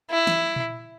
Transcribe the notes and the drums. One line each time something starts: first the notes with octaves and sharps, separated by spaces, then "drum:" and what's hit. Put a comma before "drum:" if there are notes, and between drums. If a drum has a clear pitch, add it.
E4
drum: snare
drum: tom A#2